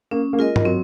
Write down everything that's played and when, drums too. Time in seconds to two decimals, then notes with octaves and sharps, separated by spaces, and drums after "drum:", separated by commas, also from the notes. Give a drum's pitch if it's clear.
0.11 A#3 C#4
0.33 A#3
0.39 G#3 F4 A#4 D#5
0.56 drum: tom G2
0.65 F#3 C4